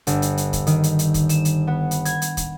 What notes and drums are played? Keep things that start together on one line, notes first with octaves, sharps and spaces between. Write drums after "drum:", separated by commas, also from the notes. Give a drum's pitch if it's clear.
G1, drum: hi-hat
drum: hi-hat
drum: hi-hat
drum: kick, hi-hat
D#3, drum: hi-hat
drum: hi-hat
drum: hi-hat
drum: kick, hi-hat
E7, drum: hi-hat
drum: hi-hat
B3
drum: hi-hat
G#6, drum: hi-hat
drum: hi-hat
drum: kick, hi-hat